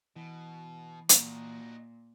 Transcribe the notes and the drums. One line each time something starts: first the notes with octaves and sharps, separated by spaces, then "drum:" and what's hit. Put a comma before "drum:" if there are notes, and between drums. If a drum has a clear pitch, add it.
B2 E3
A#2 D#4 F#4, drum: hi-hat